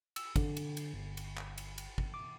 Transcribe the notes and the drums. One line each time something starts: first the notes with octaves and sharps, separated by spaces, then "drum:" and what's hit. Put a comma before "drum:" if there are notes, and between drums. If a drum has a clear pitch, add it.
E6, drum: cymbal
D3, drum: kick, cymbal
drum: cymbal
drum: cymbal
G1
drum: cymbal
drum: clap
drum: cymbal
drum: cymbal
drum: kick
D6